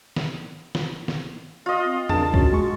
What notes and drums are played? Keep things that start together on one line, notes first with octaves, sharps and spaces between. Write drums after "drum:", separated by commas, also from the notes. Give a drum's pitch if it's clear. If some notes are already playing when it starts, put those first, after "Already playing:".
drum: snare
drum: snare
drum: snare
F4 D#5
C4
D4 G#4 A#4 A5, drum: tom E2
C#4 F#4, drum: kick
G#3 C#6